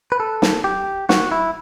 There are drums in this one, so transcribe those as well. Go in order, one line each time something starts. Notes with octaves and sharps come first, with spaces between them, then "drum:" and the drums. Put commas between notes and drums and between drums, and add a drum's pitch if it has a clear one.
B4
A4
drum: snare
G4
F#4, drum: snare
E4